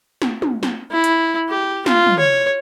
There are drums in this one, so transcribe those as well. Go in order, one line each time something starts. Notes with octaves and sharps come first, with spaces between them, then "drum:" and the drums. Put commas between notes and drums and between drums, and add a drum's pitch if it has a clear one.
drum: snare
drum: tom
drum: snare
E4
drum: hi-hat
G4
F4, drum: snare
drum: tom
C#5